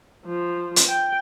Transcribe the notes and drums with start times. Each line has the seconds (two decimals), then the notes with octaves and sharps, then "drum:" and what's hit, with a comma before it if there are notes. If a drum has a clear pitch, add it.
0.25 F3
0.76 drum: hi-hat
0.88 G5